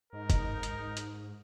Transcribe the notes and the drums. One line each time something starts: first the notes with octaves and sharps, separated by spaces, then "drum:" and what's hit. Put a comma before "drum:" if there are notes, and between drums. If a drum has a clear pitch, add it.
G#2 D#4 A#4
drum: kick, hi-hat
drum: hi-hat
drum: hi-hat